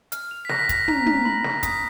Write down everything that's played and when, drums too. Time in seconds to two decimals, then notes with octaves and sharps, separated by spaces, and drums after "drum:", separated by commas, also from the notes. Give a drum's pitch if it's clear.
0.12 F6, drum: hi-hat
0.31 F7
0.45 B6
0.49 F#6 A#6, drum: snare
0.59 B6
0.69 A#6 F7, drum: kick, hi-hat
0.88 A#5 B6, drum: tom
1.06 A#6, drum: tom
1.25 B5
1.44 B6, drum: snare
1.63 D#6 B6, drum: kick, hi-hat